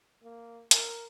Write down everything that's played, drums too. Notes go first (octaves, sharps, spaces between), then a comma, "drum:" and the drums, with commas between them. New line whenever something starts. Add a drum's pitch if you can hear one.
A#3
A#4, drum: hi-hat